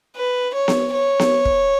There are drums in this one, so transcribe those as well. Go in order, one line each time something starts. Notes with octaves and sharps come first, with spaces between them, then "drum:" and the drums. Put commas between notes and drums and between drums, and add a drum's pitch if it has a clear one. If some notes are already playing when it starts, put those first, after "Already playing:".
B4
C#5
drum: snare B3
C#5
drum: snare B3
drum: kick